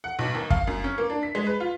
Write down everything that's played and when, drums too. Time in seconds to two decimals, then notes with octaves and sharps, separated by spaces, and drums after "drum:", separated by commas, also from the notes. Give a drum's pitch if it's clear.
0.04 F#5
0.19 B1
0.35 D#2
0.50 F5, drum: kick
0.67 F#2
0.84 C#4
0.98 A#3
1.10 D4
1.23 B6
1.35 G#3
1.47 B4
1.60 F4